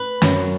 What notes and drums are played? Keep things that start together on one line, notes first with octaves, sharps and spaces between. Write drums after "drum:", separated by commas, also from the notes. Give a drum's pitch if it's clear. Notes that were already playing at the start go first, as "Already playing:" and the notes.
Already playing: B4
F#2, drum: snare